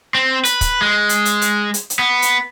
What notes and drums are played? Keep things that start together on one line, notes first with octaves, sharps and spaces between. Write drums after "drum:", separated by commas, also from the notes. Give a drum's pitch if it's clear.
C4
B4, drum: hi-hat
drum: kick, hi-hat
G#3
drum: hi-hat
drum: hi-hat
drum: hi-hat
drum: hi-hat
drum: hi-hat
B3
drum: hi-hat